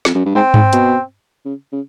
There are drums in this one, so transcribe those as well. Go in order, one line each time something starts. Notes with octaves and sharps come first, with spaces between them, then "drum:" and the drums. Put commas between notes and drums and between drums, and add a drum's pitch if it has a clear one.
F2, drum: snare
F#2
G2
G#2 C4
G#2, drum: tom G#2
B2, drum: hi-hat
C#3
C#3